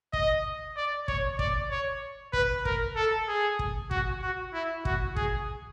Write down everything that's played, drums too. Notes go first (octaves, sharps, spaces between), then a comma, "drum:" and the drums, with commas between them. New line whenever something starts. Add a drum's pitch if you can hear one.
D#5, drum: kick
D5
C#5, drum: kick
D5, drum: kick
C#5
B4, drum: kick
A#4, drum: kick
A4
G#4
drum: kick
F#4, drum: kick
F#4
E4
F#4, drum: kick
G#4, drum: kick